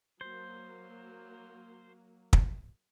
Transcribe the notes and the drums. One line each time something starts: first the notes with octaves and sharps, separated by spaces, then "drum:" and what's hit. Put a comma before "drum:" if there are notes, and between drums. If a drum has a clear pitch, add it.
F#3 A#3 C5
drum: kick